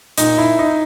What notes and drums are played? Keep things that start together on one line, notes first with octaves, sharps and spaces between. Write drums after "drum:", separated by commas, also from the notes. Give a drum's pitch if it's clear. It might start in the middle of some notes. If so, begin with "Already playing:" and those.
A#2 D#4, drum: hi-hat
E4
D#4